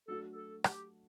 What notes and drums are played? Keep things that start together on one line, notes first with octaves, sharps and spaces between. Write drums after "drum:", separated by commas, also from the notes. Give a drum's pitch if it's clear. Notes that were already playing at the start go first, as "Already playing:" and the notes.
F#3 A3 D4 F#4 A4
A4
G4, drum: rim click